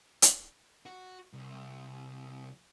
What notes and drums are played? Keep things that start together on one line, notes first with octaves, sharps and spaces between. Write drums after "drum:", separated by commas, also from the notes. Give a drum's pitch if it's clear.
drum: hi-hat
F#4
C2